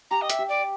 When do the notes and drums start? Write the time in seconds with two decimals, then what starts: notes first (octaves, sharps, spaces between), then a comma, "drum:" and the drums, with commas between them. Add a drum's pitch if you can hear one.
0.10 G4 A#5
0.21 D#5
0.30 E5, drum: hi-hat
0.39 G4
0.48 D5